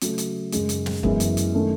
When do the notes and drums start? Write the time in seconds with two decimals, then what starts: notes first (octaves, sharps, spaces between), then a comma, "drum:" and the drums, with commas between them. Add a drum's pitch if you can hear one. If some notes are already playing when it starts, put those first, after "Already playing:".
0.01 C#3 F#3 A3, drum: hi-hat
0.18 drum: hi-hat
0.52 F#2 C#3 G#3, drum: hi-hat
0.69 drum: hi-hat
0.86 drum: snare
1.03 F#2 E3 G#3 B3 E4, drum: kick
1.20 drum: hi-hat
1.37 drum: hi-hat
1.54 D#3 A3 C#4